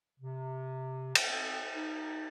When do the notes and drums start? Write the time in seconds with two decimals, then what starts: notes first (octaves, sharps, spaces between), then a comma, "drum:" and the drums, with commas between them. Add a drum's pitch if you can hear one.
0.20 C3
1.15 F#5, drum: cymbal
1.29 C4
1.76 D#4